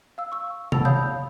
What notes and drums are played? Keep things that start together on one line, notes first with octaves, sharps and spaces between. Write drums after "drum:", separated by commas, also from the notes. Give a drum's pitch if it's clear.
F5 E6
C#6 E6
F#5 A5 B5 E6 A6 F7, drum: tom C3
C#5 D5 F5 B5 D#6 G6